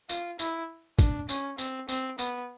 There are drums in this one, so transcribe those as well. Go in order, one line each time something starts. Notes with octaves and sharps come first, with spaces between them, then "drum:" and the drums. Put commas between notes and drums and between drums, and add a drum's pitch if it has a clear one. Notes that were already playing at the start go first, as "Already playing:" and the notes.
F4, drum: tambourine
E4, drum: tambourine
D4, drum: kick, tambourine
C#4, drum: tambourine
C4, drum: tambourine
C4, drum: tambourine
B3, drum: tambourine